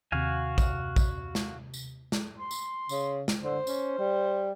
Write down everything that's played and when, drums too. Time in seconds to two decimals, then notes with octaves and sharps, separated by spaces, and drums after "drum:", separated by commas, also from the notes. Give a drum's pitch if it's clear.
0.12 D#2 C3 F#4 F5 G#5
0.58 drum: kick A#1, tambourine
0.96 drum: kick A#1, tambourine
1.35 drum: snare
1.74 drum: tambourine
2.12 drum: snare
2.37 C6
2.51 drum: tambourine
2.89 C#3, drum: tambourine
3.28 drum: snare
3.43 D3 C5
3.67 C#4, drum: tambourine
3.99 G3